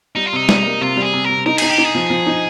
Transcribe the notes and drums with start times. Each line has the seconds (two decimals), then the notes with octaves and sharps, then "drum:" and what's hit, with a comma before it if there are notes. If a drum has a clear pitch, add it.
0.15 G3 D#4
0.26 F4
0.33 C3 D#4
0.49 G3, drum: snare
0.65 A#3
0.81 C3 F4
0.97 G3
1.02 G#4
1.13 C3
1.25 C3 A#4
1.46 D#4 A#4
1.58 D#4 G#4, drum: cymbal
1.71 G4
1.78 D#4
1.84 G#4
1.95 F3
2.10 F3
2.26 D#4